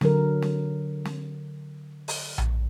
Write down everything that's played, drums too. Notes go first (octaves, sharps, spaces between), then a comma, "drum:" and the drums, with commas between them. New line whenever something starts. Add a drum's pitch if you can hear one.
D3 F#3 A#4, drum: snare
drum: snare
drum: snare
drum: open hi-hat
drum: tom A#1